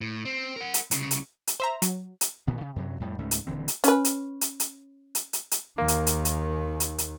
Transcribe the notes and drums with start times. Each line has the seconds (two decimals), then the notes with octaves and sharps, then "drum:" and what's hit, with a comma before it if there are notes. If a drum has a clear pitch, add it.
0.01 A2
0.25 C4
0.56 A#4 F#5
0.74 drum: hi-hat
0.91 C2 C#3, drum: hi-hat
1.11 drum: hi-hat
1.47 drum: hi-hat
1.60 C5 E5 A#5
1.82 F#3, drum: hi-hat
2.21 drum: hi-hat
2.47 A1 A#2 D#3 B3
2.61 C#3
2.76 F#2 C3 E3 F#3
3.00 F2 A2 G3
3.18 C#2 G#2 A3 C#4
3.31 drum: hi-hat
3.47 D#1 D3 E3 C4
3.68 drum: hi-hat
3.84 C#4 B4, drum: hi-hat
4.05 drum: hi-hat
4.41 drum: hi-hat
4.60 drum: hi-hat
5.15 drum: hi-hat
5.33 drum: hi-hat
5.51 drum: hi-hat
5.78 D#2 D#3 A#3
5.88 drum: hi-hat
6.07 drum: hi-hat
6.25 drum: hi-hat
6.80 drum: hi-hat
6.98 drum: hi-hat